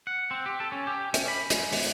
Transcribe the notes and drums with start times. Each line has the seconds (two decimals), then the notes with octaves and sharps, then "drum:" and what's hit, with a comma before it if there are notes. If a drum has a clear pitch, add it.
0.07 F#5
0.31 C4
0.46 G4
0.60 A4
0.72 C#4
0.87 G4
1.14 C#4, drum: hi-hat
1.28 B5
1.50 G#3, drum: hi-hat
1.73 E2, drum: open hi-hat